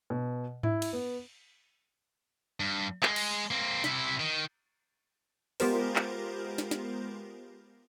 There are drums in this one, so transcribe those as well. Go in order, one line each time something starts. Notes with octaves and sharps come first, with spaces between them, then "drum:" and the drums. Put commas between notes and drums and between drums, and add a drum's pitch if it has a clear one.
B2
E4, drum: tom G#2
drum: cymbal
B3
G2
G#3, drum: clap
drum: cymbal
A#3 C4
C3 E4, drum: snare
D#3
G#3 B3 F4 G4 A#4 C5, drum: open hi-hat
drum: clap
drum: snare
drum: snare